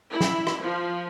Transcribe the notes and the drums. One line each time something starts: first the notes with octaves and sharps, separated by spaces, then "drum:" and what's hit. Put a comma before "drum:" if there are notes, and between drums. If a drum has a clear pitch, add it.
E4
drum: snare
drum: rim click
F3